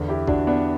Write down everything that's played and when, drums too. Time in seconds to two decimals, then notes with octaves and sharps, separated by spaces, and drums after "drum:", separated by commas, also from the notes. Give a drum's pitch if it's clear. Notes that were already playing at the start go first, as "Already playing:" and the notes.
Already playing: E2 D3
0.08 E4 G4
0.28 D4 F#4, drum: kick
0.47 B3 D4